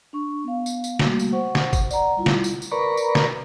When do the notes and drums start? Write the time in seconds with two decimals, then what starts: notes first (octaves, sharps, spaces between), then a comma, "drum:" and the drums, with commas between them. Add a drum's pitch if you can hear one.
0.13 D4 C#6
0.44 B3 F5
0.66 drum: tambourine
0.84 drum: tambourine
0.99 G3 A3 A#3 F#4, drum: snare
1.19 drum: tambourine
1.32 C5 F#5 C#6
1.55 drum: snare
1.73 drum: kick, tambourine
1.91 D5 F#5 A#5, drum: tambourine
2.16 G3 E4 F4
2.26 drum: snare
2.44 drum: tambourine
2.62 drum: tambourine
2.71 A#4 B4 D5 A#5 B5 C#6
2.97 drum: tambourine
3.15 drum: snare